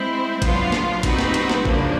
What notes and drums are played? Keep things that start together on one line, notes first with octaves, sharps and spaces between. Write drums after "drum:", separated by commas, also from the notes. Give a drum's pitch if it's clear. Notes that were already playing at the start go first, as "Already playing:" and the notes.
Already playing: G#3 C4 E4
F#3 B3 D4 F4, drum: kick G#1, cymbal
drum: snare
G3 C4 D#4 F#4 B4, drum: kick G#1, cymbal
drum: snare
drum: cymbal
drum: snare
C#3 F3 A#3 D4, drum: kick G#1